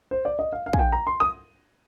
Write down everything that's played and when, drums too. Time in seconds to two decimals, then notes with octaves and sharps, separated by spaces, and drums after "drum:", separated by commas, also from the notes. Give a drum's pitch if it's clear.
0.11 C5
0.25 D5
0.39 D#5
0.52 F5
0.66 F5
0.73 G#5, drum: kick
0.79 G5
0.92 A#5
1.07 C6
1.20 D#6